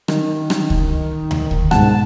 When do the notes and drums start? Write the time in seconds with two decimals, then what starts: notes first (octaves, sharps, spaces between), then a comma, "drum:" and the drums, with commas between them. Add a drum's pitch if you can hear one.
0.08 D#3, drum: rim click
0.50 drum: rim click
0.70 drum: kick C#2
1.31 drum: tom D2
1.51 drum: kick C#2
1.71 G#2 B2 F#5 A5, drum: rim click